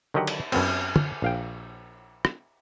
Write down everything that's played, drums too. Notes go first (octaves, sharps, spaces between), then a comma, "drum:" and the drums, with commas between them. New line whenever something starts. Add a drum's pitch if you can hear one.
D3 D#3 F#3 G4 D#5 F#5
drum: cymbal
F#2 B3 C4, drum: cymbal
drum: tom
A#1 F5 G5
drum: rim click